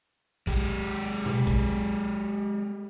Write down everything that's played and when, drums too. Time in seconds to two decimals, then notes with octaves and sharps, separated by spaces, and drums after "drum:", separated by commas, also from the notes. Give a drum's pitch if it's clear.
0.47 G#3 G4, drum: kick
1.26 drum: tom B2
1.47 drum: kick